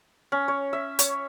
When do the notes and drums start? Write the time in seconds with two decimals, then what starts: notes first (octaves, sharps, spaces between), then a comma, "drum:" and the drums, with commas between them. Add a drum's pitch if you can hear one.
0.32 C#4
0.48 C#5
0.73 E5
0.99 C#5, drum: hi-hat